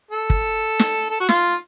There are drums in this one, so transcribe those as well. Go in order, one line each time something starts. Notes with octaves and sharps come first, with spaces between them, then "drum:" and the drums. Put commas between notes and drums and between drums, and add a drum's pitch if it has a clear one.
A4
drum: kick
drum: snare
A4
F#4
F4, drum: snare